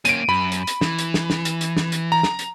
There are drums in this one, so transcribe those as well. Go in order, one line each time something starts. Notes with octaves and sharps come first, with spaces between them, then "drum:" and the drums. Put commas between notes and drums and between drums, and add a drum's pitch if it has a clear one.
A#3 C#4 D7 D#7, drum: hi-hat
F#2 B5
drum: hi-hat
drum: hi-hat
E3, drum: snare
drum: hi-hat
drum: snare
drum: snare
drum: hi-hat
drum: hi-hat
drum: snare
drum: hi-hat
A#5
drum: snare
drum: hi-hat